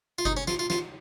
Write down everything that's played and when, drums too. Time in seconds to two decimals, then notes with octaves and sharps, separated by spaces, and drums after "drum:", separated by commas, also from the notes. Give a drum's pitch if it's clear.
0.18 F4
0.25 D#4, drum: kick F#1
0.37 C#4
0.48 F4, drum: snare
0.59 F4
0.70 F4, drum: snare